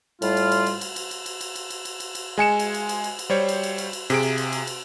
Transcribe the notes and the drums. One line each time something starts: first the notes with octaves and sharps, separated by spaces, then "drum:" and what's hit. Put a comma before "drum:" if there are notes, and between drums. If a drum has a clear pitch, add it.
A2 G3 F4, drum: cymbal
drum: cymbal
drum: cymbal
drum: cymbal
drum: cymbal
drum: cymbal
drum: cymbal
drum: cymbal
drum: cymbal
drum: cymbal
drum: cymbal
drum: cymbal
drum: cymbal
drum: cymbal
G#3 G#5 C#7 E7
drum: cymbal
drum: cymbal
drum: cymbal
drum: cymbal
drum: cymbal
G3 C5 C#5
drum: cymbal
drum: cymbal
drum: cymbal
drum: cymbal
C3 G#4 D7, drum: cymbal
drum: cymbal
drum: cymbal
drum: cymbal
drum: cymbal